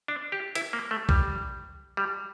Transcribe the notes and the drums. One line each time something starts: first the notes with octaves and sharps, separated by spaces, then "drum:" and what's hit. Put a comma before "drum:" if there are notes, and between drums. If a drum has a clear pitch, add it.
D4
G4
E4, drum: hi-hat
A#3
A3
G3, drum: kick
G3